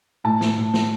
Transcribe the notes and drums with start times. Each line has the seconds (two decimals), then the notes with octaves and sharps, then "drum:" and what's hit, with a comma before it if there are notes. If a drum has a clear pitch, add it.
0.24 A2 A5
0.41 drum: snare
0.57 A2
0.74 drum: snare